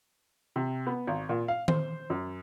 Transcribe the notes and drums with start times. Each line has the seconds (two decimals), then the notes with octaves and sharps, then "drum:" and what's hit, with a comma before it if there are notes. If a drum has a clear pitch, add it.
0.56 C3
0.87 B3
1.07 G#1
1.29 A#2
1.48 F5
1.68 C5, drum: tom D#3
2.10 F#2